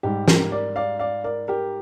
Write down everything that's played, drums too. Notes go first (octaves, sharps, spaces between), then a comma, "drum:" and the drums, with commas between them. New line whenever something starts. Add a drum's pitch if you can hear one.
G#2 G3 G4
G4 A#4, drum: snare
A#4 D5
D5 F5
D5 F5
A#4 D5
G4 A#4